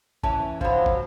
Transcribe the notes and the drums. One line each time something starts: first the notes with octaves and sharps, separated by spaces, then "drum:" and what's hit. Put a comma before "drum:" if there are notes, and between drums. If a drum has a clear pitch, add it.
E3 C#4 A5, drum: kick
F3 F#3 D4 F5 B5, drum: kick
drum: kick